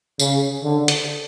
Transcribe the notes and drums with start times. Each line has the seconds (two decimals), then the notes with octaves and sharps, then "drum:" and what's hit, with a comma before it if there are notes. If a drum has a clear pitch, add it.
0.19 C#3, drum: tambourine
0.64 D3
0.88 drum: hi-hat